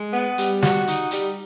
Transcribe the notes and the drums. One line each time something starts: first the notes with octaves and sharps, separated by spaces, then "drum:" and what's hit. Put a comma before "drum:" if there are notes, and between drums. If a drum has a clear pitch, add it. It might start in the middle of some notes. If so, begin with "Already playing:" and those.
Already playing: G#3
B3
G3, drum: hi-hat
F#4, drum: snare
D#4, drum: hi-hat
G3, drum: hi-hat